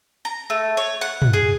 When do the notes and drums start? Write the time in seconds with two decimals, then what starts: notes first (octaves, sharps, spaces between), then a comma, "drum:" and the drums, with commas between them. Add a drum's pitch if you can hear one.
0.25 A#5
0.50 A3
0.77 C#5
1.01 F#5
1.22 drum: tom
1.33 G#4